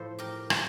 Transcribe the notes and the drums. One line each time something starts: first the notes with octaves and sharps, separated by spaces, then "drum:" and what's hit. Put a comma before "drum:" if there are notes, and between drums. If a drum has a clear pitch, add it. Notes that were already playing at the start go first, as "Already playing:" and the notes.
Already playing: A2 F3 A4 C5
G4 A#4
drum: rim click